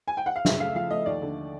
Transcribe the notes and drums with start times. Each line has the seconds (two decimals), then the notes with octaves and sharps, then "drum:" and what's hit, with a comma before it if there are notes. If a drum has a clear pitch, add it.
0.08 G#5
0.17 G5
0.26 F#5
0.36 F5
0.45 C#3 E5, drum: snare
0.60 A3 F5
0.75 F3 F5
0.90 A3 D#5
1.06 D#2 D5
1.22 D3